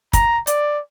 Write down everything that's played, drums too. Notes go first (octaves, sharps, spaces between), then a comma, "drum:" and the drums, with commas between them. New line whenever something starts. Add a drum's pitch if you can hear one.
A#5, drum: kick, hi-hat
D5, drum: hi-hat